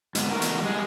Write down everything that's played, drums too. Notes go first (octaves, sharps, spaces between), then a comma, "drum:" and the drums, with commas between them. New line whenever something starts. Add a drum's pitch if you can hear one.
G#2 B3, drum: hi-hat
E2 A3 F#4 A#4
drum: hi-hat
G3 G#3 G#4